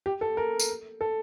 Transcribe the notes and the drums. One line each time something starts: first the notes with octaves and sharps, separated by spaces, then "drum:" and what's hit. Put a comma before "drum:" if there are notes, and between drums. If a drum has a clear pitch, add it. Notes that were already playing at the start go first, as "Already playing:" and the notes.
G4
A4
A#4
drum: tambourine
A4